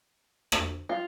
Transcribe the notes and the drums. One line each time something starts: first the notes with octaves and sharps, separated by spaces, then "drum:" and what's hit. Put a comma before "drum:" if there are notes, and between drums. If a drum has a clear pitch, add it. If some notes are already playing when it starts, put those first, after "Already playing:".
drum: rim click
F4